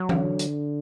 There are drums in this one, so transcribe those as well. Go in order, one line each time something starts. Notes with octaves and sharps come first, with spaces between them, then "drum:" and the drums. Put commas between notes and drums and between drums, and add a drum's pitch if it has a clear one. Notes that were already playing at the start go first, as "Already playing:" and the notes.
Already playing: F#3
D3, drum: tom E3
drum: hi-hat